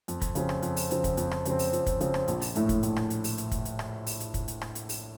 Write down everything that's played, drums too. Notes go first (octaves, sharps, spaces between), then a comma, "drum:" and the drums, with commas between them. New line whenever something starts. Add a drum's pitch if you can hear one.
F2, drum: hi-hat
drum: kick, hi-hat
C#3 F3 C4, drum: hi-hat
drum: rim click
F2, drum: hi-hat
drum: open hi-hat
C#3 F3 C4, drum: hi-hat
drum: kick, hi-hat
F2, drum: hi-hat
drum: rim click
C#3 F3 C4, drum: hi-hat
drum: open hi-hat
F2, drum: hi-hat
drum: kick, hi-hat
C#3 F3 C4, drum: hi-hat
drum: rim click
A#1, drum: hi-hat
drum: open hi-hat
A2 A3, drum: hi-hat
drum: kick, hi-hat
A#1, drum: hi-hat
drum: rim click
drum: hi-hat
drum: open hi-hat
drum: hi-hat
drum: kick, hi-hat
drum: hi-hat
drum: rim click
drum: open hi-hat
drum: hi-hat
drum: kick, hi-hat
drum: hi-hat
drum: rim click
drum: hi-hat
drum: open hi-hat